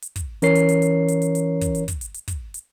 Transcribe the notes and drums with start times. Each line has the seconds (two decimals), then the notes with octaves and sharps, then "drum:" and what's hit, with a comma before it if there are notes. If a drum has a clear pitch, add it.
0.02 drum: hi-hat
0.16 drum: kick, hi-hat
0.42 E3 C#4 A#4 C#5 C7, drum: hi-hat
0.55 drum: hi-hat
0.69 drum: hi-hat
0.82 drum: hi-hat
1.08 drum: hi-hat
1.22 drum: hi-hat
1.35 drum: hi-hat
1.61 drum: kick, hi-hat
1.75 drum: hi-hat
1.88 drum: kick, hi-hat
2.01 drum: hi-hat
2.14 drum: hi-hat
2.28 drum: kick, hi-hat
2.54 drum: hi-hat